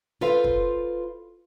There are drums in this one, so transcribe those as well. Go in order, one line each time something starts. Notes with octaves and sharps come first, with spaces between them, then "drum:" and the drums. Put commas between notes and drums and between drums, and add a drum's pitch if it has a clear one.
F4 A4 B4 C5 F5, drum: snare
drum: kick